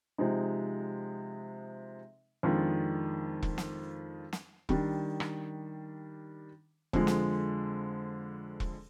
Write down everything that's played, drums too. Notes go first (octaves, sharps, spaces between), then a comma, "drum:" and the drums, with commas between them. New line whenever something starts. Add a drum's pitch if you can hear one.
C3 F3 G#3 D#4
F2 D#3 G#3 D4 F4
drum: kick E1
drum: snare
drum: snare
D#3 G3 D4, drum: kick E1
drum: rim click
F2 D3 F3 G#3, drum: kick E1
drum: snare
drum: kick E1